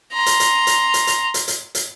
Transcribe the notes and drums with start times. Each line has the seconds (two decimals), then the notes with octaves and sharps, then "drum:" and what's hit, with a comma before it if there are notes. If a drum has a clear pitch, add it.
0.13 A#5 C6
0.26 drum: hi-hat
0.40 drum: hi-hat
0.67 drum: hi-hat
0.94 drum: hi-hat
1.07 drum: hi-hat
1.34 drum: hi-hat
1.48 drum: hi-hat
1.75 drum: hi-hat